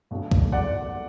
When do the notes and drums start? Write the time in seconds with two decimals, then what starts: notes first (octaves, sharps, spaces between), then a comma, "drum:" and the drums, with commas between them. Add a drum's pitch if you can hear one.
0.11 B1 B2 A3 D4
0.31 drum: kick C2
0.52 D5 F#5